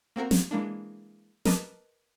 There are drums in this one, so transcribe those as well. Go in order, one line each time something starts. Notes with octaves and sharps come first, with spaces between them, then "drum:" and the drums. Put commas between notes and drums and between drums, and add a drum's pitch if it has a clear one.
A#3 C4 F#4 A#4
drum: snare
E3 G#3 A#3 D4
A#4 B4 D#5 A5 D6, drum: snare